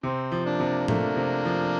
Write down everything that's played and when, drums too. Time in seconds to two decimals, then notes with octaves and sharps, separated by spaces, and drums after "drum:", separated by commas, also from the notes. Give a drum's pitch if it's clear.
0.03 C3 C4
0.32 F3
0.46 A#3 D4
0.60 C3
0.88 A3 A#3 D4, drum: tom
1.16 C3
1.45 F3